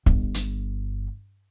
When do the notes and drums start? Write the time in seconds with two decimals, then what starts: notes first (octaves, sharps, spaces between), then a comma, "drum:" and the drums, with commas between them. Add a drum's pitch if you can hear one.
0.06 G1, drum: kick
0.34 drum: hi-hat